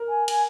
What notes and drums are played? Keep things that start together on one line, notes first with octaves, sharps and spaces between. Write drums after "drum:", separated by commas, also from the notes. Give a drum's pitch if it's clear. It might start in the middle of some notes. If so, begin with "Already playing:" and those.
Already playing: A#4
G#5
G#5, drum: cymbal